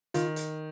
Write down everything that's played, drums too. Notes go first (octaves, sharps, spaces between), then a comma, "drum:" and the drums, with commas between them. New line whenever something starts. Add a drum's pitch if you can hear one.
D#3 F4, drum: hi-hat
drum: hi-hat